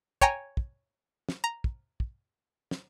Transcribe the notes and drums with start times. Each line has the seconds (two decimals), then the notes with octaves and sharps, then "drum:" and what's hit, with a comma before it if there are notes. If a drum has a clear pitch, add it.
0.21 C#5 G5 G#5 A#5, drum: kick
0.57 drum: kick
1.29 drum: snare
1.44 A#5
1.64 drum: kick
2.00 drum: kick
2.71 drum: snare